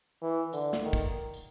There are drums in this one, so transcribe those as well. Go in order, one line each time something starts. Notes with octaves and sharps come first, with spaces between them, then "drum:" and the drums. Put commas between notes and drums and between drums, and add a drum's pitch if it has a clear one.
E3
D3, drum: tambourine
drum: snare
D#3
drum: kick, tambourine
drum: tambourine